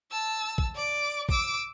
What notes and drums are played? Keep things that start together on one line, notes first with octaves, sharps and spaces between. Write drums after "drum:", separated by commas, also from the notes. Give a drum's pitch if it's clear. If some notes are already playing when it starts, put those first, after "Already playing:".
A5 E6
drum: kick
D5 D6
D6 E6, drum: kick